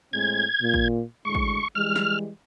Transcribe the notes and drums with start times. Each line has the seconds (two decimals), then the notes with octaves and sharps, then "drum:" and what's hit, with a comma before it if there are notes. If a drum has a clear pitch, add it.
0.13 A2 G#3 C4 G#6
0.60 A#2
0.74 drum: kick
1.25 D2 A2 G#3 C#6
1.35 drum: kick
1.75 E3 G3 G#3 F6
1.96 drum: snare